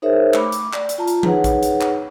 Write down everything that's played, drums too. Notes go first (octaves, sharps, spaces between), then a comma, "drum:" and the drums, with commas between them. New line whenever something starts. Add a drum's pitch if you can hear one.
D#4 G#4 A#4 C5 C#5 E5
A3 B5 D6, drum: clap
drum: hi-hat
D5, drum: clap
drum: hi-hat
F4 A5 A#5
drum: hi-hat
D#4 G#4 B4 C#5 F#5, drum: tom E3
drum: kick, hi-hat
drum: hi-hat
drum: clap